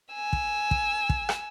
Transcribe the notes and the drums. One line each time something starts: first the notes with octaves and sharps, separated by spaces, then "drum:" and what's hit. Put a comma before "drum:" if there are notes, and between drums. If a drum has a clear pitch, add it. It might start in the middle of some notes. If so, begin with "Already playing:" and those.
G#5 E6
drum: kick
drum: kick
drum: kick
drum: rim click